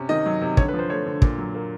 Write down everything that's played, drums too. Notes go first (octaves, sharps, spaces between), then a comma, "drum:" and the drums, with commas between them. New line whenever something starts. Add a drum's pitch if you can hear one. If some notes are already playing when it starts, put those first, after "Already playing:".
Already playing: C3 C#4
D#3 D#5
F#3
C3
D3 C#5, drum: kick
B4
F3
C5
A3 C#5
D3
A#2, drum: kick
F#3
A#3